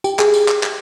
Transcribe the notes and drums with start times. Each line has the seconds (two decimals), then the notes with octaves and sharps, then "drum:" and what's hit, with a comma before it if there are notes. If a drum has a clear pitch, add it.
0.04 G4, drum: tambourine
0.19 G#4, drum: clap
0.34 drum: tambourine
0.48 drum: clap
0.63 drum: clap